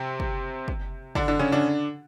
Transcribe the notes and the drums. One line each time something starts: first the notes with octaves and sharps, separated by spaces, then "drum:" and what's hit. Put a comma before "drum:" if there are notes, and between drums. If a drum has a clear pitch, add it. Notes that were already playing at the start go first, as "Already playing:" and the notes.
Already playing: C3 C4
drum: kick
drum: kick
D3 D4, drum: kick
D3 D4
C#3 C#4
D3 D4